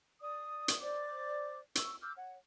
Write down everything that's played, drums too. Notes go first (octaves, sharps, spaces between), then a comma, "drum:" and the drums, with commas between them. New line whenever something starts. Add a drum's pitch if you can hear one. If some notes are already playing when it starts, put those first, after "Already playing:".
D5 D#6
drum: hi-hat
C5 D5 D6
C#6 E6, drum: hi-hat
D6 E6 F6 G6
C#5 F#5